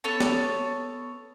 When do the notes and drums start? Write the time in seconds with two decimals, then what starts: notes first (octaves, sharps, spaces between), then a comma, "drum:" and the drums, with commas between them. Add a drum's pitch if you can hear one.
0.04 B3 A4 C#5 A5
0.20 drum: snare